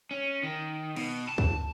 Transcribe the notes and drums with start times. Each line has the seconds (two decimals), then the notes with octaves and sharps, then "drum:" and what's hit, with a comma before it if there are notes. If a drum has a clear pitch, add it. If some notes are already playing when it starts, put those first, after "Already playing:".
0.11 C#4
0.44 D#3
0.96 B2, drum: cymbal
1.29 A5
1.38 drum: kick